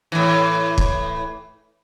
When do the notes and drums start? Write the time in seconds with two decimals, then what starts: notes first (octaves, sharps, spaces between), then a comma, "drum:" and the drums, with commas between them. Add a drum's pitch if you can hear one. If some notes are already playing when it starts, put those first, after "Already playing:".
0.12 A2 E3
0.78 drum: kick